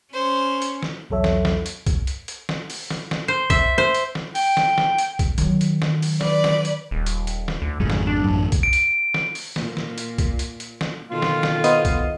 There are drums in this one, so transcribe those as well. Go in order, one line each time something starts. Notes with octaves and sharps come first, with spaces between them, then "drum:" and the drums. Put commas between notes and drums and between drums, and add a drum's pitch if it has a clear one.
C#4 C5
drum: hi-hat
drum: snare
B1 E2 F#3 A4 C#5 E5
drum: snare
drum: snare
drum: hi-hat
drum: kick B1, hi-hat
drum: hi-hat
drum: hi-hat
drum: snare
drum: open hi-hat
drum: snare
drum: snare
C5
E5, drum: kick B1, hi-hat
C5
drum: hi-hat
drum: snare
G5, drum: open hi-hat
drum: snare
drum: snare
drum: hi-hat
drum: kick B1, hi-hat
D#3 F#3, drum: hi-hat
drum: hi-hat
drum: snare
drum: open hi-hat
B4 D5, drum: snare
drum: snare
drum: hi-hat
D#1
drum: hi-hat
drum: hi-hat
drum: snare
D2
G#1 F2 G#2 C#3
drum: snare
D4
A1 F#2 F#3
drum: kick B1, hi-hat
D7
drum: hi-hat
drum: snare
drum: open hi-hat
A#2, drum: snare
drum: snare
drum: hi-hat
drum: kick B1, hi-hat
drum: hi-hat
drum: hi-hat
drum: snare
B2 D#3 F4 A4
drum: snare
drum: snare
B3 C5 D#5, drum: hi-hat
drum: kick B1, hi-hat